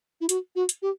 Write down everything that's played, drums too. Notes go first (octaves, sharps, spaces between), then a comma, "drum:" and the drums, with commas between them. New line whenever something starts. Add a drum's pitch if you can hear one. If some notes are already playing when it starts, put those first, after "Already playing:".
E4
F#4, drum: hi-hat
F#4
drum: hi-hat
G4